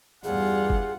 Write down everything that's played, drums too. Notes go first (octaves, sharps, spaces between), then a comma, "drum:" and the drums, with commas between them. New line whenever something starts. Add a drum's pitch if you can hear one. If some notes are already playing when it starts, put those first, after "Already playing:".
E2 G2 G3 F4 G#4 F#5
drum: kick